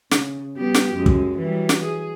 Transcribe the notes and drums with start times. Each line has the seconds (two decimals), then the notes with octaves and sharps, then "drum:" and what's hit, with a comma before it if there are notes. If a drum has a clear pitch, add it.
0.11 C#3, drum: snare
0.57 G3 B3 G4
0.74 drum: snare
0.94 F#2 G#3
1.06 drum: kick
1.39 E3 F#3 G3
1.69 drum: snare
1.83 G#4